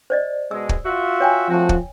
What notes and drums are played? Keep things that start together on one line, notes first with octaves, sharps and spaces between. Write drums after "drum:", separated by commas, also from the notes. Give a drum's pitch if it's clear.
C5 D5 D#5
B2 G#3 E6
drum: kick
F4 F#4 E5
C#5 G5 G#5
F3 A3 C4 F#4
drum: kick